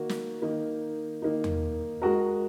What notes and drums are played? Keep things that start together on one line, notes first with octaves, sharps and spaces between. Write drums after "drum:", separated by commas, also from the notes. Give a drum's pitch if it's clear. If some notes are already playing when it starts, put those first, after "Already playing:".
Already playing: D#3 A#3 D#4 F#4
drum: snare
D#3 A#3 D#4
D#3 A#3 D#4
drum: tom E2
G#3 F#4 A#4